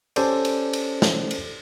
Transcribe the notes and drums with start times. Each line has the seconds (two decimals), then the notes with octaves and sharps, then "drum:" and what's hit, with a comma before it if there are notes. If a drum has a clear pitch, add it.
0.16 C#4 G4 A4 C5 D5, drum: cymbal
0.45 drum: cymbal
0.73 drum: cymbal
1.02 drum: snare
1.31 drum: cymbal